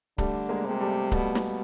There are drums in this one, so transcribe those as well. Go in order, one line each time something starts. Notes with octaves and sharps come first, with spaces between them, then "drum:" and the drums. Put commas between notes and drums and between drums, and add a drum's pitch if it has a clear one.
D3 G3 A3, drum: kick C#1
G#3 A#3
C3
G#3
G3 A3
B2 G3 A3, drum: kick C#1
drum: snare